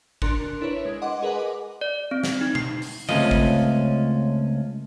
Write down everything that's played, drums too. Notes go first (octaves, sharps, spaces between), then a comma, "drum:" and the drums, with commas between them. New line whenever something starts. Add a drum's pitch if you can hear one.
D4 A#4 C6 F#6 C#7, drum: kick
D4 E4 A#4 B4 C#5
G#3
D#5 F#5 C6 D6
G#4 A#4 B4 D#5 F#5 G#5
D6
D5
C4
drum: snare
D#4
C7, drum: tom B2
drum: open hi-hat
C#2 A3 C4 C#4 F4 D#5, drum: tom D3
drum: kick